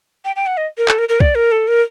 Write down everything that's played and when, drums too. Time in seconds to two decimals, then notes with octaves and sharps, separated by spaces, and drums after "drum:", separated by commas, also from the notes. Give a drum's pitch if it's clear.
0.25 G5
0.36 G5
0.46 F#5
0.57 D#5
0.78 A#4
0.88 A4, drum: clap
0.98 A#4
1.09 A#4
1.20 D5, drum: kick
1.35 A#4
1.52 A4
1.68 A#4